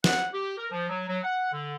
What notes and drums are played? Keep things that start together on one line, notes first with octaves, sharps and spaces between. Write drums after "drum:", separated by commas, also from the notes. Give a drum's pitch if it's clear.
F#5, drum: snare
G4
A#4
F3
F#3
F#3
F#5
D3